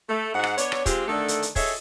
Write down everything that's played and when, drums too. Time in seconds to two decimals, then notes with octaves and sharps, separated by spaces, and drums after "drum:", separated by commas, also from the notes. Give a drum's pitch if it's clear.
0.09 A3
0.34 G#2 F#5
0.44 drum: rim click
0.58 B3 D4 C#5, drum: hi-hat
0.72 drum: rim click
0.86 G#3 C4 F4 G4, drum: kick, hi-hat
1.08 D3 D#3 A3 D4 A4
1.28 drum: hi-hat
1.42 drum: hi-hat
1.56 G#4 A4 C#5 D#5 E5, drum: kick, open hi-hat